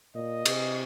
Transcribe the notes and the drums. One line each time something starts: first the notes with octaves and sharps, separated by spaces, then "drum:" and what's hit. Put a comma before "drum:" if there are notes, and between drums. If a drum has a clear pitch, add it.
A#2 D#5
C3, drum: cymbal